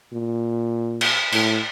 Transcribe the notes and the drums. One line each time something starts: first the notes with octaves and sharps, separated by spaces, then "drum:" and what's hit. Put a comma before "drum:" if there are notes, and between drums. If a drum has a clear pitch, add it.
A#2
drum: cymbal
A2, drum: cymbal